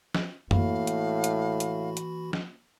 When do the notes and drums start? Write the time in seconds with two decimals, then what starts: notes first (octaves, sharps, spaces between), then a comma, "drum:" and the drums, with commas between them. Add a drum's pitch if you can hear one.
0.15 drum: snare
0.51 A2 E3 A#3 F#4 F5 B5, drum: tom F#2
0.87 drum: hi-hat
1.24 drum: hi-hat
1.60 drum: hi-hat
1.97 drum: hi-hat
2.33 drum: snare